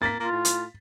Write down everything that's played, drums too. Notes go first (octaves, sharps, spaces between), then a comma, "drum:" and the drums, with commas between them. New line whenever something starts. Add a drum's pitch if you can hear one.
A#3 A6 B6
A#3 F4
A2
drum: hi-hat